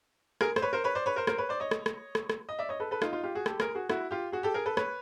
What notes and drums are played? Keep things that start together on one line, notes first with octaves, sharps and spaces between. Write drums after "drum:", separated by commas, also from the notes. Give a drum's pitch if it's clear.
G#4 A#4, drum: rim click
C5, drum: rim click
B4 C#5
A#4 C5
B4 C#5
C5 D5
B4 C#5
A#4 C5
A#4 C5, drum: rim click
B4 C#5
C5 D5
C#5 D#5
drum: rim click
drum: rim click
drum: rim click
drum: rim click
D#5
D5 E5
C#5 D#5
A4 B4
A4 B4
D#4 F4, drum: rim click
D#4 F4
F4 G4
F#4 G#4
G4 A4, drum: rim click
G#4 A#4, drum: rim click
F#4 G#4
E4 F#4, drum: rim click
F4 G4
F#4 G#4
G4 A4
G#4 A#4
A4 B4
B4 C#5, drum: rim click